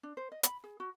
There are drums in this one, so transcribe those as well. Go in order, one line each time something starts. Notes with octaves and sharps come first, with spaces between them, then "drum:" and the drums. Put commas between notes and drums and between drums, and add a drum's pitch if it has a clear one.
D4
C5
D#5
B5, drum: hi-hat
G#4
F#4